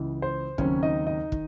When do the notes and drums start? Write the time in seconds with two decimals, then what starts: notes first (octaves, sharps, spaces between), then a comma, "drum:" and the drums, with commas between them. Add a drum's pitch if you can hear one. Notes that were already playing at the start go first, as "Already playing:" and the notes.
Already playing: C#2 C#3 E3
0.22 C5
0.58 D#2 C#3 F#3 C4 C#4 C#5, drum: kick
0.83 D#4 D#5
1.07 D#4 D#5
1.32 D#3, drum: kick